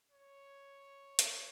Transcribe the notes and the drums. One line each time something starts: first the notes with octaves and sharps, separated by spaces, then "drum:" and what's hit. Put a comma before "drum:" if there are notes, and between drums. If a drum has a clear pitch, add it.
C#5
drum: hi-hat